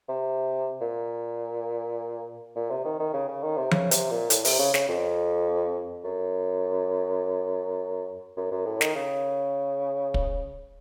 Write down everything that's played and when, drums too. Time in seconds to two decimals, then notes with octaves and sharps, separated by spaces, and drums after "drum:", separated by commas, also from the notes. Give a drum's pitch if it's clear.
0.09 C3
0.81 A#2
2.56 A#2
2.70 C3
2.85 D#3
2.99 D#3
3.13 C#3
3.28 C#3
3.43 D#3
3.57 C3
3.71 C#3, drum: tom F3
3.91 C3, drum: hi-hat
4.11 A#2
4.30 A2, drum: hi-hat
4.45 C3, drum: open hi-hat
4.59 C#3
4.74 C#3, drum: snare
4.88 F2
6.04 F#2
8.37 F#2
8.52 F#2
8.66 A2
8.81 D#3, drum: snare
8.95 C#3
10.14 drum: kick